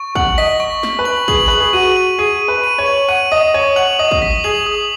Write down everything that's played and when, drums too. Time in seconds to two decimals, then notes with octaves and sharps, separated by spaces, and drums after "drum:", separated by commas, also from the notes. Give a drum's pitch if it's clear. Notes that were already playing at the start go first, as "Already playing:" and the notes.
Already playing: C#6
0.15 F#5 F#7, drum: kick
0.38 D#5 B6
0.60 C#6
0.83 B6, drum: snare
0.99 B4
1.05 F#7
1.28 G#4 F#7, drum: kick
1.48 B4 F#7
1.60 G#4
1.73 F#4 D#7
1.97 F#7
2.18 G#4 D#7
2.42 D#7
2.48 B4
2.64 D#7
2.78 C#5
2.86 F#7
3.08 F#5 D#7
3.32 D#5 D#6
3.54 C#5 D#7
3.76 F#5 F#7
3.99 D#5 D#6
4.11 drum: kick
4.22 B6
4.44 G#4 F#7
4.66 D#6